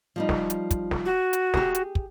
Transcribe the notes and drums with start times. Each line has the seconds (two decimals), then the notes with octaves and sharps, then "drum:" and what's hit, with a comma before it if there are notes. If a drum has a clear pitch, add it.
0.16 F3 G3 D#4
0.29 drum: snare
0.50 drum: hi-hat
0.71 drum: kick, hi-hat
0.91 drum: snare
1.05 F#4
1.33 drum: hi-hat
1.54 G4 G#4, drum: snare
1.75 drum: hi-hat
1.95 drum: kick